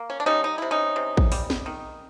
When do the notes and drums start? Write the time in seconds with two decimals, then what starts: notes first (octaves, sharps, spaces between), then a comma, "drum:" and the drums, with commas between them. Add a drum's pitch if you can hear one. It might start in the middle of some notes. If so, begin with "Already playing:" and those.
Already playing: A#3
0.10 C#4
0.20 D4
0.26 G3 C#4 D#4
0.44 D#4
0.58 C3 E4
0.71 C#4 D#4
0.96 C3
1.17 drum: kick
1.32 G3, drum: open hi-hat
1.50 drum: snare
1.66 D#3